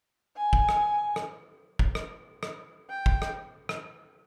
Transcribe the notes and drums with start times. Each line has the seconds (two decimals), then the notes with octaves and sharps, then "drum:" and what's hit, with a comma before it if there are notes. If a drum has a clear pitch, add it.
0.36 G#5
0.53 drum: kick
0.69 drum: rim click
1.16 drum: rim click
1.79 drum: kick
1.95 drum: rim click
2.43 drum: rim click
2.90 G5
3.06 drum: kick
3.22 drum: rim click
3.69 drum: rim click